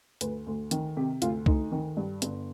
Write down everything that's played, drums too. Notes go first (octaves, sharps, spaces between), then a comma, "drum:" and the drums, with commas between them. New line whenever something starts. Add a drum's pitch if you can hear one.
D2 B4, drum: hi-hat
D2
D#3, drum: hi-hat
C3 G4
D2 F4, drum: hi-hat
D2 D#4, drum: kick C2
D#3
G2
G1, drum: hi-hat